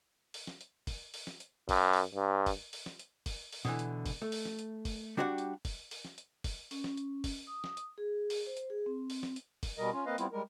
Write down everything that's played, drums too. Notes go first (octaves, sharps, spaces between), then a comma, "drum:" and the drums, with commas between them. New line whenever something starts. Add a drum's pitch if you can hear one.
drum: open hi-hat
drum: snare
drum: hi-hat
drum: kick, open hi-hat
drum: open hi-hat
drum: snare
drum: hi-hat
F#2, drum: kick, open hi-hat
drum: open hi-hat
G2
drum: kick, open hi-hat
drum: open hi-hat
drum: snare
drum: hi-hat
drum: kick, open hi-hat
drum: open hi-hat
B2 D3 E3, drum: snare
drum: hi-hat
drum: kick, open hi-hat
A3
drum: open hi-hat
drum: snare
drum: hi-hat
drum: kick, open hi-hat
G3 D4 F#4 G4 C5 F#5
drum: hi-hat
drum: kick, open hi-hat
drum: open hi-hat
drum: snare
drum: hi-hat
drum: kick, open hi-hat
C#4, drum: open hi-hat
drum: snare
drum: hi-hat
drum: kick, open hi-hat
D#6
drum: snare
drum: hi-hat
G#4
drum: open hi-hat
C5
drum: hi-hat
G#4
C4
drum: open hi-hat
drum: snare
drum: hi-hat
drum: kick, open hi-hat
B2 G3 A#4 D#5
C#4 F4
A#3 C4 B4 D#5 F5
G3 B3 C4 E4 F4, drum: hi-hat
G3 G#3 A#4